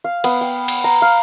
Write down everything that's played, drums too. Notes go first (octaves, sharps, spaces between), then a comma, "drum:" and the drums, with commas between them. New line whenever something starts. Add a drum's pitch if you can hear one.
F5
B3, drum: cymbal
G5
drum: cymbal
A#5
F5